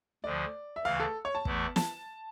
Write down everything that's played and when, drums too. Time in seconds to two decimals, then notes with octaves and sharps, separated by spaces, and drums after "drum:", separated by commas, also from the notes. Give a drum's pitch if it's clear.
0.24 D2 D3 F3 D5
0.76 E5
0.84 D2 C#3 E3 F5
1.00 A4
1.25 C#5
1.35 A5
1.45 E2 E3 A3, drum: kick
1.76 A5, drum: snare